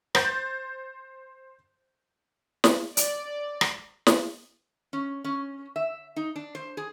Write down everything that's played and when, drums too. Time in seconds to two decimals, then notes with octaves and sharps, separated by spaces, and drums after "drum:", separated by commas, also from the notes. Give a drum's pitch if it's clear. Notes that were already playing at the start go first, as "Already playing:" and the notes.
0.15 C5 G6 A6, drum: rim click
2.64 drum: snare
2.97 D5, drum: hi-hat
3.61 drum: rim click
4.07 drum: snare
4.93 C#4
5.24 C#4
5.76 E5
6.16 D#4
6.36 D4
6.55 C5
6.77 G#4